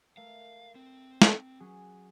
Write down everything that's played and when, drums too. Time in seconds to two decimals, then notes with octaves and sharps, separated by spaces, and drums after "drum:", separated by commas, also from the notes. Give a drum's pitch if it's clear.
0.17 A3 A#4 E5 F5
0.75 C4
1.22 drum: snare
1.60 F#3 C#4 G#4